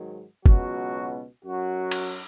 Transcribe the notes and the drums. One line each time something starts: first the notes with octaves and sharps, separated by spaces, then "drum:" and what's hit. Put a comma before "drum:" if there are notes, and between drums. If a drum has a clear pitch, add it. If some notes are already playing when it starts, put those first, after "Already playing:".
Already playing: G#2 D#3 F#3
C#2 B2 F#3 F#4, drum: kick
F#2 F#3 F#4
drum: cymbal